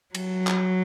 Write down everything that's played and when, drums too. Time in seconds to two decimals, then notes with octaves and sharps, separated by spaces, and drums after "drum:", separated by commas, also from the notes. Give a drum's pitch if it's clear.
0.15 F#3, drum: cymbal
0.47 drum: clap